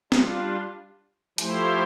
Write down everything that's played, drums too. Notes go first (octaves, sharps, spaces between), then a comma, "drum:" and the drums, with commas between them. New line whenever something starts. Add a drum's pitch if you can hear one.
G3 D4 F4, drum: snare
F3 A3 E4 G4 C5, drum: hi-hat